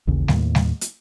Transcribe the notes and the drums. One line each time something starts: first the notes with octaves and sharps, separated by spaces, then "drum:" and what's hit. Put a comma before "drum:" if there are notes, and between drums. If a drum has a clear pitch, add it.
A1 D#2 C#3
D#2 A2, drum: snare G3
drum: snare G3
drum: hi-hat